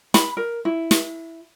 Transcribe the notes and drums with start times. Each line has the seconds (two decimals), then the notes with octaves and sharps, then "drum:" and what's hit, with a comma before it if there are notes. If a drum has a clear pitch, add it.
0.14 B5, drum: snare
0.37 A#4
0.65 E4
0.91 drum: snare